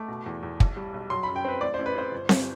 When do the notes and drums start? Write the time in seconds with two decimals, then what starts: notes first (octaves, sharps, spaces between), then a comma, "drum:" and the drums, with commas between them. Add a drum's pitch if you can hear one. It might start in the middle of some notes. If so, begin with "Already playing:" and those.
Already playing: A3 D6
0.08 B2
0.26 E2
0.43 E2
0.60 B1, drum: kick
0.77 G3
0.94 B1
1.10 F#3 C6
1.23 B5
1.28 F#2
1.36 G5
1.45 C4 B4
1.61 A1 D5
1.74 A1 C5
1.86 B4
1.95 C4 C5
2.12 G1
2.29 G1, drum: snare C4